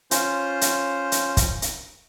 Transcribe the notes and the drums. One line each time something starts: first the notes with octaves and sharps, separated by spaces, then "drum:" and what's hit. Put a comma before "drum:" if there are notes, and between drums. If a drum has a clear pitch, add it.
C#4 F4 C5, drum: hi-hat
drum: hi-hat
drum: hi-hat
drum: kick, hi-hat
drum: hi-hat